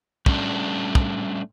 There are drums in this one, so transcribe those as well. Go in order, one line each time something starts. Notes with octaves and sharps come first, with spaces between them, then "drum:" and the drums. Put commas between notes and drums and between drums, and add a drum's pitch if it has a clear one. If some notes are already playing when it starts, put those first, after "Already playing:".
G3 A3 C#4 D4, drum: kick
drum: kick